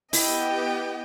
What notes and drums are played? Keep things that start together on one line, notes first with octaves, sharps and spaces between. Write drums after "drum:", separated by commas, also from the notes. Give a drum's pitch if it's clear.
B3 E4 G4 D#5 G5, drum: open hi-hat